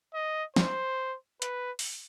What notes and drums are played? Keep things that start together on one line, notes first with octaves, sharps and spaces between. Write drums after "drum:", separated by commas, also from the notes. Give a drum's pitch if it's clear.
D#5
C5, drum: snare
B4, drum: hi-hat
drum: open hi-hat